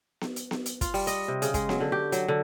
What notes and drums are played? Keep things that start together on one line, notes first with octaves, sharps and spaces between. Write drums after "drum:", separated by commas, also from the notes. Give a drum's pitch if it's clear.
drum: snare B3
drum: hi-hat
drum: snare B3
drum: hi-hat
F4, drum: kick, hi-hat
G3, drum: open hi-hat
D#5, drum: hi-hat
C3
C#3, drum: hi-hat
G#3, drum: kick, hi-hat
F#3, drum: snare B3
D3
G4
F#3, drum: hi-hat
D3